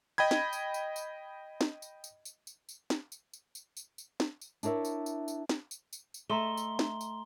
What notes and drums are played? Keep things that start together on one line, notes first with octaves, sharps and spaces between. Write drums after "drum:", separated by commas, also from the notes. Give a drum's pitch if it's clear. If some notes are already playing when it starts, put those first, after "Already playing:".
D#5 G5 B5 G#6
drum: snare
drum: tambourine
drum: tambourine
drum: tambourine
drum: snare
drum: tambourine
drum: tambourine
drum: tambourine
drum: tambourine
drum: tambourine
drum: snare
drum: tambourine
drum: tambourine
drum: tambourine
drum: tambourine
drum: tambourine
drum: snare
drum: tambourine
D4 E4 A#4 C#5 E5, drum: tambourine
drum: tambourine
drum: tambourine
drum: tambourine
drum: snare
drum: tambourine
drum: tambourine
drum: tambourine
A3 D#5 E5 A#5 C6 G7
drum: tambourine
drum: snare
drum: tambourine